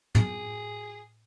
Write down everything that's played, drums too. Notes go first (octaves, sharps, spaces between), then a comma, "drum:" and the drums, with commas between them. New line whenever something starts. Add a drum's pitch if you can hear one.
G#4, drum: tom